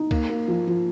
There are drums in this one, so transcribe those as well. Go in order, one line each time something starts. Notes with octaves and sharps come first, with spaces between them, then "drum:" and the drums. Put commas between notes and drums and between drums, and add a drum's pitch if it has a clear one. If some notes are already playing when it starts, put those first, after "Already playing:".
Already playing: D#4
A#3, drum: kick, cymbal
A#3
F3
F3